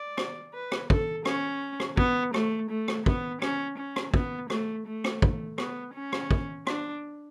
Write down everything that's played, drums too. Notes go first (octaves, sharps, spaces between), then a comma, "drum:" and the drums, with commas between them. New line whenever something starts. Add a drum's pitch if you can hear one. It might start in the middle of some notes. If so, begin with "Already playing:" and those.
Already playing: D5
drum: rim click
B4
drum: rim click
A4, drum: kick
C#4, drum: rim click
drum: rim click
B3, drum: kick
A3, drum: rim click
A3
drum: rim click
B3, drum: kick
C#4, drum: rim click
C#4
drum: rim click
B3, drum: kick
A3, drum: rim click
A3
drum: rim click
drum: kick
B3, drum: rim click
C#4
drum: rim click
drum: kick
D4, drum: rim click